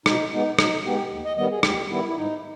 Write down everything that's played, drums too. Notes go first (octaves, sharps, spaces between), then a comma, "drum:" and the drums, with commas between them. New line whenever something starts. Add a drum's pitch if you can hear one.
B2 D#4, drum: rim click
G#3 B3 D#4
B2 D#4, drum: rim click
G#3 B3 G4
D#2
D#5
D#3 G3 B3 D#5
G#4
D#2 G4, drum: rim click
D#3 G3 B3 E4
E4
G#2 D#4